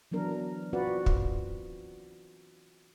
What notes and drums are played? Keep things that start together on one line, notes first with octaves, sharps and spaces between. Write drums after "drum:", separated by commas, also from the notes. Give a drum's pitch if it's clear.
E3 F#3 B3 D4 A#4
C4 F4 F#4 B4 D5 F#5
drum: kick